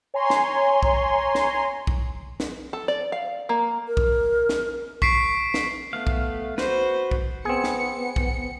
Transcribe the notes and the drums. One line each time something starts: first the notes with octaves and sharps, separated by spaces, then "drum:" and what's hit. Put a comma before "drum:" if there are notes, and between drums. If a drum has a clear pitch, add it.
C#5 G#5 A#5 C6
drum: snare
drum: kick B1
drum: snare
drum: kick B1
drum: snare
A4
D5
F5
A#3
A#4
drum: kick B1
drum: snare
C#6 B6 C7 D7, drum: kick B1
drum: snare
A3 B3 F5
drum: kick B1
F#4 B4 C5, drum: snare
drum: kick B1
B3 C4 G#4 C#7
drum: snare
drum: kick B1